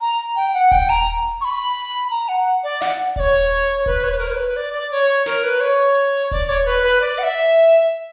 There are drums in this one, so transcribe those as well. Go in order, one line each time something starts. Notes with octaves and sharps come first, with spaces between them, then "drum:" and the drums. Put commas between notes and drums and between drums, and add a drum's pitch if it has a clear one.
A#5
G5
F#5
G5, drum: kick D#1
A#5
C#6
B5
A#5
F#5
D5
F#5, drum: snare
D5, drum: kick D#1
C#5
B4, drum: kick D#1
C#5
B4
A#4
C#5
B4
D5
D5
C#5
A#4, drum: snare
B4
C#5
D5, drum: kick D#1
C#5
B4
B4
D5
F#5
E5